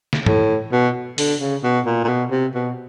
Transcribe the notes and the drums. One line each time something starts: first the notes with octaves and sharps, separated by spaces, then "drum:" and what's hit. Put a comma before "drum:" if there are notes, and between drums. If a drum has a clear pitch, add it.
drum: snare
A2, drum: tom G2
B2
D3, drum: open hi-hat
C#3
B2
A#2
A#2
B2
C3
B2